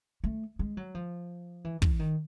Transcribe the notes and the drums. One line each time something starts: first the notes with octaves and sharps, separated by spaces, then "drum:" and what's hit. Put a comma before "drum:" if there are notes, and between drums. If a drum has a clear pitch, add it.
A3
G#3
F#3
F3
E3
E3, drum: kick
D#3